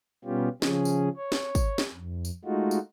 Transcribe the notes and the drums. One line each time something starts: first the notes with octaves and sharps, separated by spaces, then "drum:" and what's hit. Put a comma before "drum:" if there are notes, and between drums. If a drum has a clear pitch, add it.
B2 G3 B3 C#4 F4 G4
C#3 F3 C#4 G#4, drum: snare
drum: tambourine
C#5
drum: snare
drum: kick, tambourine
drum: snare
F2
drum: tambourine
G#3 A3 D#4 F4 F#4
drum: tambourine